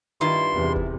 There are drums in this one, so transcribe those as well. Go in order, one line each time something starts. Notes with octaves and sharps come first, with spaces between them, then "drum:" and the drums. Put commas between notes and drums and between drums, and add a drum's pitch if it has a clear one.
G2 D#3 E4 F4 C6
E2 C3
drum: kick